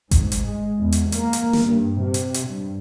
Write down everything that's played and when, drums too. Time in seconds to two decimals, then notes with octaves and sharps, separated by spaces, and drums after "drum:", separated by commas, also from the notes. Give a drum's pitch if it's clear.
0.11 G#2, drum: kick G#1, hi-hat
0.32 drum: hi-hat
0.47 G#3
0.79 E2
0.92 drum: hi-hat
1.12 A#3, drum: hi-hat
1.33 drum: hi-hat
1.53 drum: snare
1.67 G2
2.03 C3
2.14 drum: hi-hat
2.34 drum: hi-hat
2.46 G2